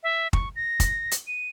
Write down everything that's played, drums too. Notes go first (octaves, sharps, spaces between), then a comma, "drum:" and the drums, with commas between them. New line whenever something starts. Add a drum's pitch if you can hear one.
E5
C#6, drum: kick
A#6
drum: kick, hi-hat
drum: hi-hat
D#7